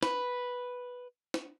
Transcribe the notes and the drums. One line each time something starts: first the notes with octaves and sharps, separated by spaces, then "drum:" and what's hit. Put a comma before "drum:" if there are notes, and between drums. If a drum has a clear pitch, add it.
B4, drum: snare
drum: snare